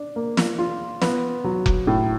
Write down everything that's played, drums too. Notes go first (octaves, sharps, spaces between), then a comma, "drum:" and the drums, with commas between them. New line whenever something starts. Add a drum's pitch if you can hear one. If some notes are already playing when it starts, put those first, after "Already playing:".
Already playing: D4
A#3
drum: snare
F4
B3, drum: snare
F#3
drum: kick F1
A2